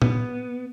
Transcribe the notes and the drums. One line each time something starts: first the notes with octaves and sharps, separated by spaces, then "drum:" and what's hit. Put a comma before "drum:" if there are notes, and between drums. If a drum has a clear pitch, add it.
B3, drum: tom A#2